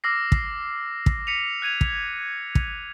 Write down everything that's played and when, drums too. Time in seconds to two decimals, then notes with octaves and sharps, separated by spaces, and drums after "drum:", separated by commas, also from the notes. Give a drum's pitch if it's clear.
0.04 D6 E6 F6 A#6 C7
0.32 drum: kick
1.06 drum: kick
1.27 B6 C#7 D#7 F7
1.62 F#6 G#6 D#7 F7
1.81 drum: kick
2.55 drum: kick